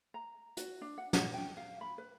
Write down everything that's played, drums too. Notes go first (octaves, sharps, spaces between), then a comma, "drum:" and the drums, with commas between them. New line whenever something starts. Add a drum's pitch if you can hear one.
A#5
F#4, drum: hi-hat
D4
F#5
F#5, drum: snare
G5
F5
B5
B4